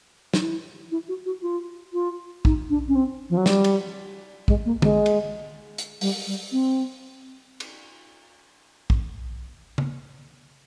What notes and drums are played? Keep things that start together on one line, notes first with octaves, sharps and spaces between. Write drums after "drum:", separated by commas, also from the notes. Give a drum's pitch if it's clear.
D#4, drum: snare
E4
E4
F#4
F#4
F4
F4
D#4, drum: kick
D4
C#4
C4
F3
F#3
G3, drum: snare
drum: cymbal
G#3, drum: kick
A#3
G#3, drum: tom
drum: cymbal
drum: hi-hat
G3, drum: open hi-hat
G3
C4
drum: cymbal
drum: kick
drum: tom